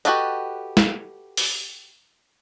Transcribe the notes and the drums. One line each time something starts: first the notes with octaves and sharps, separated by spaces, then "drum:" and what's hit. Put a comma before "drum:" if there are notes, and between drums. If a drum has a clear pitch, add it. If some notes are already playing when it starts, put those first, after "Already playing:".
F#4 G4 A4 B4 D#5, drum: hi-hat
drum: snare
drum: open hi-hat